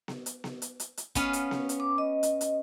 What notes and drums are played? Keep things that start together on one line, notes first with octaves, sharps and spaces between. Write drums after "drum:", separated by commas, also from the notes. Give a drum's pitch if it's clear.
drum: snare B3
drum: hi-hat
drum: snare B3
drum: hi-hat
drum: hi-hat
drum: hi-hat
B3 C#4 F5, drum: kick, hi-hat
drum: hi-hat
drum: snare B3
drum: hi-hat
D6
D#5
drum: hi-hat
drum: hi-hat